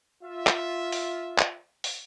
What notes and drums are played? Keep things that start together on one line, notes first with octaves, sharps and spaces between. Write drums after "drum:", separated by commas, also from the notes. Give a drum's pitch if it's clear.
F4 E5
drum: clap
drum: open hi-hat
drum: clap
drum: open hi-hat